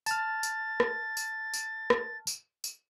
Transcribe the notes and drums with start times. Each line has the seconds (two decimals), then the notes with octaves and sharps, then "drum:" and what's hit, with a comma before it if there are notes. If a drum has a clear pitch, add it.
0.06 A5 F6 A6, drum: tambourine
0.43 drum: tambourine
0.80 drum: rim click
1.17 drum: tambourine
1.53 drum: tambourine
1.90 drum: rim click
2.27 drum: tambourine
2.64 drum: tambourine